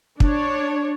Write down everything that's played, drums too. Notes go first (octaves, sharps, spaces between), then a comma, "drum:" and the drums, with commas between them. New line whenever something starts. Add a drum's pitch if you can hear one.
D4 C#5, drum: kick